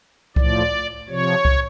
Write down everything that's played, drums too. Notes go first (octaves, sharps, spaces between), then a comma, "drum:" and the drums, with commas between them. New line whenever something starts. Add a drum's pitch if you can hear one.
A2 F3 D5, drum: kick C2
C3 F3 C#5
drum: kick C2